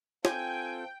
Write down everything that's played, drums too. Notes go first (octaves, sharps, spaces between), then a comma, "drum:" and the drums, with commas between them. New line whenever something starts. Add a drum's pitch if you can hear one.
C4 F4 A4 G5 G#5, drum: snare